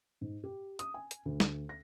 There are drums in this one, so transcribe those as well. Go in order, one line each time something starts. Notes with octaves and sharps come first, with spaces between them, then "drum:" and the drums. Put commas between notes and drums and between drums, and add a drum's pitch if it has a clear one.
G#2
G4
D#6, drum: hi-hat
G#5
drum: hi-hat
D2
drum: snare
A#6